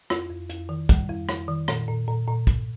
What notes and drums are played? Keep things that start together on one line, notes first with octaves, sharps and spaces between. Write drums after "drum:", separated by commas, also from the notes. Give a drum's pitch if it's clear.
F2 F4, drum: rim click
F2
F2, drum: hi-hat
D#3
G3, drum: kick, hi-hat
F2
F2, drum: rim click
D#3
A#2, drum: rim click
A#2
A#2
A#2
drum: kick, hi-hat